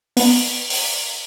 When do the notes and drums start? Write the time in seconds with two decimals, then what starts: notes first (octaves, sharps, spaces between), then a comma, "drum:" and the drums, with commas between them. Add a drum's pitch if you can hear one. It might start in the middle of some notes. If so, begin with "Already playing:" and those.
0.17 B3, drum: open hi-hat
0.70 drum: open hi-hat